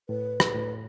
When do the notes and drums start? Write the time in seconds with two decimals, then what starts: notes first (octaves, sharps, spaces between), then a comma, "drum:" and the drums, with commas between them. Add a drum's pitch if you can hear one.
0.09 A2 B4
0.40 drum: rim click
0.55 A2